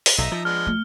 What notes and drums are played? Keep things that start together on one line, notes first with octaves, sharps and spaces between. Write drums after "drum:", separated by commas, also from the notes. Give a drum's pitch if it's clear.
drum: open hi-hat
B1 D#4 E5 A#5
F3
G#3 B3 D4 F6
A3